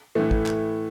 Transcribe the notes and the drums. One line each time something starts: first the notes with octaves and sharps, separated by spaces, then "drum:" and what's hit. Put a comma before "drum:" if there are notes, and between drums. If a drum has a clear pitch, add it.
A2 E3 A3
drum: kick
drum: clap